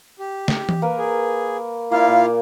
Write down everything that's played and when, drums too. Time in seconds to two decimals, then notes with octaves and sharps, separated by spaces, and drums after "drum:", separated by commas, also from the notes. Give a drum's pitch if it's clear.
0.19 G4
0.48 drum: snare
0.69 drum: tom E3
0.82 A#3 A#4 B4
0.98 G#4
1.91 A#3 E4 F4 D5 F5
2.08 A#2